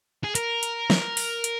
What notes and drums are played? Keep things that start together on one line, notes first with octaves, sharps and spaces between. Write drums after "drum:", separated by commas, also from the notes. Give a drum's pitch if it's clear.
G#4
A#4, drum: hi-hat
drum: hi-hat
drum: snare
drum: open hi-hat
drum: hi-hat